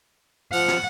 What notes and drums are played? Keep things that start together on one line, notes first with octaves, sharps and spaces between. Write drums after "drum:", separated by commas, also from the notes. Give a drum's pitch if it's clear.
F3 F#5 F6, drum: open hi-hat
drum: snare